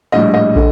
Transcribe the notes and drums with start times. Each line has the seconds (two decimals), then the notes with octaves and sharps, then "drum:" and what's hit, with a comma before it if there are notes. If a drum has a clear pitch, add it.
0.12 A#1 A2 G3 D#5
0.34 D#5
0.56 D3, drum: kick